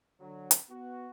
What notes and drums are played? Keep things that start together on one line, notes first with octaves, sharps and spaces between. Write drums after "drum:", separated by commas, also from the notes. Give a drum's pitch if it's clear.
D3 F#3
drum: hi-hat
B3 F#4